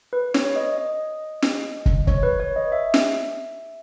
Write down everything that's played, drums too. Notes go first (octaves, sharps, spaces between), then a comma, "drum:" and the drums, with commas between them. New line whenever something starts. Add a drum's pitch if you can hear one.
B4
C#5, drum: snare
D#5
D#5
drum: snare
drum: kick
C#5, drum: kick
B4
C#5
D#5
E5
drum: snare